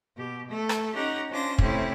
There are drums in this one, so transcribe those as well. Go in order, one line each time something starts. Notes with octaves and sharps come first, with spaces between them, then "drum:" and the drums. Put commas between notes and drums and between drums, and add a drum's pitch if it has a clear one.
B2 G4
A3 A4
drum: rim click
C#4 D#4 G4 F#5 A#5 C#6
C#4 D4 F4 C5 D6 A#6
C3 A3 C4 C#4 E4, drum: kick